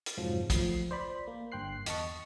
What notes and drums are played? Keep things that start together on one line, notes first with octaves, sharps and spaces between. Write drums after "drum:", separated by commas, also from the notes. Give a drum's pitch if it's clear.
drum: hi-hat
F2 G#2 C3 F3 F#3
F3 A3 C7, drum: kick, hi-hat
C5 D5 B5
A#3
G1 G2 G5 C6 F#6 C7
E2 D#5 A5 C#6, drum: hi-hat